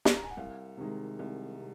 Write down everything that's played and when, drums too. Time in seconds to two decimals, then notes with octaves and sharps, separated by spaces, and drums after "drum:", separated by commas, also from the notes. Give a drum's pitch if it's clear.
0.05 drum: snare
0.16 A#5
0.24 G#5
0.30 F#5
0.37 C2 F5
0.77 C3 D#3 G#3
1.19 C2
1.59 C3